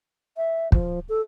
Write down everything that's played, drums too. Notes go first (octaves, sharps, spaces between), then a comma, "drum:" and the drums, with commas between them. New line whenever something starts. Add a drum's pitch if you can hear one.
E5
F3, drum: kick
A4